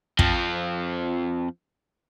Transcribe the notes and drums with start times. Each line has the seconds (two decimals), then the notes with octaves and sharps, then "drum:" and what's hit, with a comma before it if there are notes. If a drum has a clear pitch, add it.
0.19 F2 F3, drum: kick